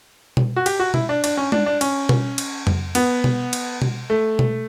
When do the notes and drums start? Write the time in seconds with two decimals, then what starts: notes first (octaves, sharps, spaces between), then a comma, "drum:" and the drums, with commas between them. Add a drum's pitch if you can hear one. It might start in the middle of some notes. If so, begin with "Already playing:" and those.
0.37 drum: tom B2
0.56 F#4
0.66 G4, drum: cymbal
0.80 F#4
0.94 E4, drum: tom B2
1.09 D4
1.24 D4, drum: cymbal
1.37 C#4
1.52 D4, drum: tom G#3
1.66 D4
1.81 C#4, drum: cymbal
2.09 drum: tom B2
2.38 drum: cymbal
2.67 drum: tom F2
2.95 B3, drum: cymbal
3.24 drum: tom B2
3.53 drum: cymbal
3.82 drum: tom B2
4.10 A3
4.39 drum: tom B2